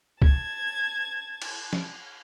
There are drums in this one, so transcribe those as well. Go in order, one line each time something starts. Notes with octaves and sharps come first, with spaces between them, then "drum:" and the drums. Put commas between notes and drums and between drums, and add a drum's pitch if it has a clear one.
A5 G#6, drum: kick C2
drum: cymbal
drum: snare